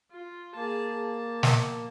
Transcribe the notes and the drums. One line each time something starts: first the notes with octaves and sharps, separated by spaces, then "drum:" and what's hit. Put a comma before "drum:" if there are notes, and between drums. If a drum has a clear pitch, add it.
F4
A#3 G#4 A5
A5
drum: snare